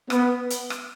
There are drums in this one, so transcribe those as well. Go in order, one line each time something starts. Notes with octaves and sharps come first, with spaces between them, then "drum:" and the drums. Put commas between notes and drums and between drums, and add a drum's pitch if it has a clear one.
B3, drum: rim click
drum: hi-hat
drum: rim click